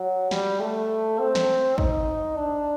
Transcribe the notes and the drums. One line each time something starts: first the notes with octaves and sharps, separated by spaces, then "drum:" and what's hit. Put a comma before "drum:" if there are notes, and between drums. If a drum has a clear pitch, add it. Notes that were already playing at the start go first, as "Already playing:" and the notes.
Already playing: F#3
G3, drum: snare
A3
C4
drum: snare
D#4, drum: kick
D4